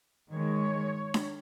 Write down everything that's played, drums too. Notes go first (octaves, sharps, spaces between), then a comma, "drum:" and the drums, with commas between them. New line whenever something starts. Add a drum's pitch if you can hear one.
D#3 G#3 C#5
drum: snare D4